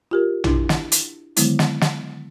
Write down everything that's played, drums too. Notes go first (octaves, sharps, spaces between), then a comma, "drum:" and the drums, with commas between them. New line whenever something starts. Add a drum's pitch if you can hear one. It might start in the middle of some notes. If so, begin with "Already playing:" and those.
F4 G4 A#4
D4 E4, drum: tom A#1
drum: snare
drum: hi-hat
D3 D#3 F#3 G#3 B3 E4, drum: hi-hat
drum: snare
drum: snare